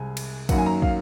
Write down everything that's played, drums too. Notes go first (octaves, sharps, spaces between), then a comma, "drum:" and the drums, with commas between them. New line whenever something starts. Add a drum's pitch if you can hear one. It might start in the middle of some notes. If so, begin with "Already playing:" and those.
Already playing: C2 C3 G#3 G#5
drum: cymbal
F#2 D#3 F#3 A#3 F#5, drum: kick, cymbal
G#5
A#5
F5, drum: kick